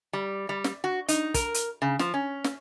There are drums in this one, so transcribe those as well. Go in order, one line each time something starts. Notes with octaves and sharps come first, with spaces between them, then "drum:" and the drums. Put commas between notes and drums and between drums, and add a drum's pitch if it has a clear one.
G3
G3
drum: snare
F#4
D#4, drum: hi-hat
A#4, drum: kick, hi-hat
drum: hi-hat
C#3
F3, drum: snare
C#4
drum: snare